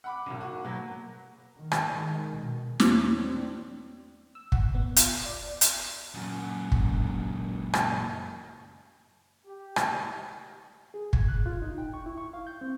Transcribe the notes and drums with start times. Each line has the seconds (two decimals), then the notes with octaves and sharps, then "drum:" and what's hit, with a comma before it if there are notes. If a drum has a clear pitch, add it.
0.04 F#5 B5 D6
0.26 E1 B1
0.41 F#4
0.65 B2 F#3 A#3
1.57 D#3
1.71 drum: rim click
1.91 D#3 G#3
2.37 B2
2.80 E2 C#4, drum: snare
3.13 C4 D4
4.35 E6
4.52 F#5, drum: kick
4.75 B3
4.96 F4, drum: hi-hat
5.25 D5
5.61 drum: hi-hat
6.15 F#2 A#2
6.72 drum: kick
7.74 drum: rim click
9.45 G4
9.76 drum: rim click
10.94 G#4
11.13 G#6, drum: kick
11.28 F#6
11.46 F4
11.62 D#4
11.78 G5
11.93 C#6
12.06 E4
12.18 C#6
12.33 F5
12.47 G6
12.61 C4